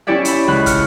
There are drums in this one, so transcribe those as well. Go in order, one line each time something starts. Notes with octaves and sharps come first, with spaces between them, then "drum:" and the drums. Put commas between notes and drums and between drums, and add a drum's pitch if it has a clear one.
C#4 E4 G4 C#5 D5 E5
E5 B5, drum: hi-hat
C#2 B5 F#6
F6 C#7, drum: kick, hi-hat